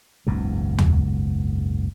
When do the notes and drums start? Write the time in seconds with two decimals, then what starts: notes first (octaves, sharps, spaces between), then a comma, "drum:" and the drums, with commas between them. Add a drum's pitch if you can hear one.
0.27 F#1 C#2 G#2 B2
0.78 drum: tom